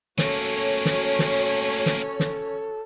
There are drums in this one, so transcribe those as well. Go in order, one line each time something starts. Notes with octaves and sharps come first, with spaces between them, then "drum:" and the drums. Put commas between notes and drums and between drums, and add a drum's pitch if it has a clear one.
A3 A#3 C#4 F#4 A4 C#5, drum: snare
drum: snare
drum: snare
drum: snare
drum: snare